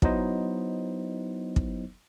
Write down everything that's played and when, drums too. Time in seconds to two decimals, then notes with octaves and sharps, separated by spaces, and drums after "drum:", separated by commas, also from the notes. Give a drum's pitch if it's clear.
0.02 F#3 B3 D#4 E4 C5 D#5, drum: kick
1.56 drum: kick